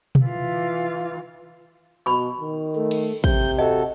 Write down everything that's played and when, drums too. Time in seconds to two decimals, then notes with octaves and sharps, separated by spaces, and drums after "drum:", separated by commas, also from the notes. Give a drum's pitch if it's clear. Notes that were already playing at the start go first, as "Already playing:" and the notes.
0.15 drum: tom B2
0.24 E3 F4
2.06 B2 B5 C#6
2.41 D#3
2.76 A3
2.91 drum: cymbal
3.24 C3 G6, drum: kick
3.58 F#4 A4 D#5